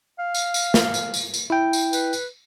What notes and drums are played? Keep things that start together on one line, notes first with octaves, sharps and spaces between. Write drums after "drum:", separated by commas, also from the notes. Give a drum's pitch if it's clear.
F5
drum: tambourine
drum: tambourine
drum: snare
drum: tambourine
drum: tambourine
drum: tambourine
E4 G5
drum: tambourine
B4, drum: tambourine
drum: tambourine